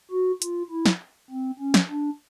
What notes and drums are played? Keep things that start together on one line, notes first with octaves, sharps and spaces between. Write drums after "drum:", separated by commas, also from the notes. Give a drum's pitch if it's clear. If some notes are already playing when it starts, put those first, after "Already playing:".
F#4
F4, drum: hi-hat
E4
drum: snare
C4
C#4
drum: snare
D4